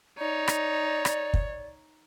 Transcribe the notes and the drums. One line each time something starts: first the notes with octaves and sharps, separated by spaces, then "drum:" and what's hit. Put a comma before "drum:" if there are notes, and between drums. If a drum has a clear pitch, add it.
D#4 C#5 D5
drum: rim click
drum: rim click
drum: kick